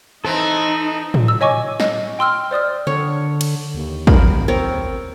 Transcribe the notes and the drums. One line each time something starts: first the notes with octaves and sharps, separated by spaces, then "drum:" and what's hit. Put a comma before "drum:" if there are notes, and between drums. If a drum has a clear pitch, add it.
E3 C4 D#4 A4 A#5
drum: tom A2
E6
C#5 D#5 G#5 C#6 D6
D#5, drum: snare
G5 C6 E6 F6
C5 D5 D#6 F6
D3 C#5
drum: cymbal
D#2
A#4 B5, drum: kick
C4 A#4 C#5